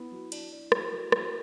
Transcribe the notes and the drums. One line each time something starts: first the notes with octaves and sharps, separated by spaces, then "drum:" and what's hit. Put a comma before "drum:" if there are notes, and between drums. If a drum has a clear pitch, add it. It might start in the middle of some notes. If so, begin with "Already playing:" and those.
Already playing: B3 E4
F#3
D4, drum: cymbal
D4
F#3, drum: rim click
F#3
F#3, drum: rim click